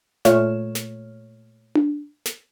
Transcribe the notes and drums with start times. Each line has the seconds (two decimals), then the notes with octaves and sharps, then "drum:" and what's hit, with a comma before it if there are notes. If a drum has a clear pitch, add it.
0.25 A#2 A3 C#5 F6 E7, drum: snare
0.75 drum: snare
1.75 drum: tom D4
2.26 drum: snare